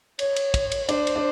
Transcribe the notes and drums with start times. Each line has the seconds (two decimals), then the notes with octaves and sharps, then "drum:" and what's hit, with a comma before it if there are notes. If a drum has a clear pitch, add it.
0.19 C#5, drum: cymbal
0.36 drum: cymbal
0.54 drum: kick, cymbal
0.72 drum: cymbal
0.89 D4 C5, drum: cymbal
1.07 drum: cymbal
1.16 D4